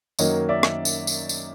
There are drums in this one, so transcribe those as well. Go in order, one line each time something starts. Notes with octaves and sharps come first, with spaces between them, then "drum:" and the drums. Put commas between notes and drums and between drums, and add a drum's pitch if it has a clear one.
F#2 D#3 F#3 A#3 C#5 D#5, drum: tambourine
D5 E5
drum: rim click
drum: tambourine
drum: tambourine
drum: tambourine